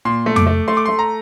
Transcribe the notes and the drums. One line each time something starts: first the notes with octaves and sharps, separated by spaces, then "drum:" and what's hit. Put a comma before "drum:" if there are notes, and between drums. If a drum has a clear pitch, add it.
A#2 C6
A3
D6, drum: tom F2
A3
A3 C6
D6
A3 C6
A#5